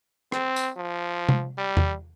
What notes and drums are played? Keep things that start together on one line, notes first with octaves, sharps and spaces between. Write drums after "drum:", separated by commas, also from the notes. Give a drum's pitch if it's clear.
C4, drum: rim click
drum: tambourine
F3
drum: tom C3
G3
drum: tom E2